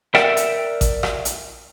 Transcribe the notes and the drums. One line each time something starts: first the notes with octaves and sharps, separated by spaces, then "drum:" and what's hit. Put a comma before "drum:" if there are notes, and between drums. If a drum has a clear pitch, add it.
A#4 D5 E5 F#5 G5, drum: rim click
drum: hi-hat
drum: kick A1, hi-hat
drum: rim click
drum: hi-hat